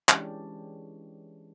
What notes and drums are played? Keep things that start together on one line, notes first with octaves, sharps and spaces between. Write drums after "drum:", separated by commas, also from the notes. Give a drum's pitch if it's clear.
E3 G#3 C#4 D4 G4, drum: clap